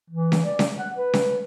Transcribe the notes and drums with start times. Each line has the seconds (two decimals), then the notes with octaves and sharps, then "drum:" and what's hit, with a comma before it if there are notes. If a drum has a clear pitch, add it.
0.10 E3
0.32 drum: snare C#4
0.45 D5
0.59 drum: snare C#4
0.79 F#5
0.95 B4
1.14 drum: snare C#4